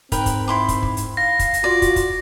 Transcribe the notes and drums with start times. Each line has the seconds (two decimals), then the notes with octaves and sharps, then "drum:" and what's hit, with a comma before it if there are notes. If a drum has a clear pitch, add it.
0.12 G#2 C4 A#4 B4 G5, drum: kick, hi-hat
0.26 drum: kick, hi-hat
0.48 E4 C6 D6
0.68 drum: kick, hi-hat
0.83 drum: kick
0.97 drum: hi-hat
1.17 F5 A#6
1.39 drum: kick, hi-hat
1.54 drum: hi-hat
1.64 F4 F#4 D5
1.82 drum: kick, hi-hat
1.96 drum: kick, hi-hat